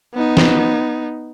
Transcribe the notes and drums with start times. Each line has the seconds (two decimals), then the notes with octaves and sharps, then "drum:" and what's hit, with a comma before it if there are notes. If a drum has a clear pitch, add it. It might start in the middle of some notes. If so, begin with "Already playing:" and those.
0.14 B3 D#4
0.37 drum: snare